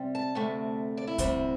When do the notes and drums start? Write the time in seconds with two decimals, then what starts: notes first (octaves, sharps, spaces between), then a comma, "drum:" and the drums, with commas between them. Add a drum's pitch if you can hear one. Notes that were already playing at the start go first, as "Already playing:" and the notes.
Already playing: C3 G3 C4
0.15 A5
0.35 D2 C3 A3 C4
0.97 D5
1.07 E4
1.18 D2 C3 G3 C4, drum: kick C2, hi-hat